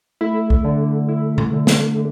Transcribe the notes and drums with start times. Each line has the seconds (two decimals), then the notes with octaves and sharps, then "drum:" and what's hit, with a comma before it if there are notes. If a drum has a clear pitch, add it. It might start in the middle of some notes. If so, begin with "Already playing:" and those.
0.21 A3 E4
0.50 drum: kick C2
0.64 D3
1.09 E4
1.38 drum: tom B2
1.53 D3
1.67 drum: snare
1.96 D3